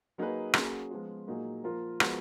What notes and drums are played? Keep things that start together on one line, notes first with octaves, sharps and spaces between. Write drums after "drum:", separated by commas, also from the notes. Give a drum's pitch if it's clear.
F#3 A#3 D#4 G#4 B4
F#3 A#3 C#4 G#4, drum: rim click
F3 G#3 B3 F4
A#2 F#3 A#3 D#4 G#4
F3 A#3 F4 A#4
F3 G#3 B3 F#4 A#4, drum: rim click